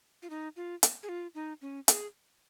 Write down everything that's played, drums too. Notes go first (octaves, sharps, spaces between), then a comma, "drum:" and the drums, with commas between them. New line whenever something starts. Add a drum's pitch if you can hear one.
F4
D#4
F4
drum: hi-hat
G#4
F4
D#4
C#4
G#4, drum: hi-hat